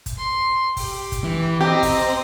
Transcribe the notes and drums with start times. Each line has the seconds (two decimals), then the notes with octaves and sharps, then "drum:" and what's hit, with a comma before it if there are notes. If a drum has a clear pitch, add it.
0.06 drum: kick, hi-hat
0.18 C6
0.77 G4, drum: kick, open hi-hat
1.12 drum: kick, hi-hat
1.24 E3
1.61 C4 G4 D#5 A#5
1.83 drum: kick, open hi-hat